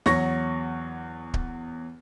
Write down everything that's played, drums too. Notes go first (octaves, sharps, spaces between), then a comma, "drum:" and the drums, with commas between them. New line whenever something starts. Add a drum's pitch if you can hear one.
E2 F#3 C#6 A#6, drum: snare
drum: kick D1